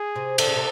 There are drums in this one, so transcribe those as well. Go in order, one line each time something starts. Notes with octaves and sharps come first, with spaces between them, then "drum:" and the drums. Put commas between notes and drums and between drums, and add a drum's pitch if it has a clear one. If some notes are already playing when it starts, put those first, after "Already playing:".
Already playing: G#4
C3
D3 A4, drum: cymbal
C#3
C3